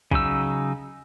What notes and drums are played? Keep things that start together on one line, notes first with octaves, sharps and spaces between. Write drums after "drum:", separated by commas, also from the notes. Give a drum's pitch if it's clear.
C#3 F#3 D#4 E6, drum: kick